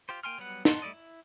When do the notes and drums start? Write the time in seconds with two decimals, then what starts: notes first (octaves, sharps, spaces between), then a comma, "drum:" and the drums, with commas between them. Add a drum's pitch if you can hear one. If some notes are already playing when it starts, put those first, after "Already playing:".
0.09 F4 G4 C5
0.23 A#3 G5 G#5 C6 F6
0.38 F#3 G3 B3 B4 F#5
0.65 F#5 A5 C6, drum: snare
0.82 G3 A3 E4 D5 D#5
0.93 E4